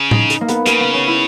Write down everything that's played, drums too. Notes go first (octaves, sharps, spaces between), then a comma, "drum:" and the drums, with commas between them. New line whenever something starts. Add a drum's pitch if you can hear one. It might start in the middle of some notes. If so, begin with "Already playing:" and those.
Already playing: C#3
D#4, drum: tom A2
drum: hi-hat
A#3
B3, drum: hi-hat
C#3 A#3, drum: hi-hat
B3
C#4
E4